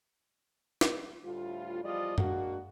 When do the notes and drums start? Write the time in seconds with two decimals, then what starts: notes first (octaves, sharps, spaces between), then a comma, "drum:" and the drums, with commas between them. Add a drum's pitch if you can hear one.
0.81 drum: snare
1.24 D2 A2 G3 F4
1.84 E2 F3 G3 F4 D5 D#5
2.18 G#3 A#3 D4 F#4, drum: tom F#2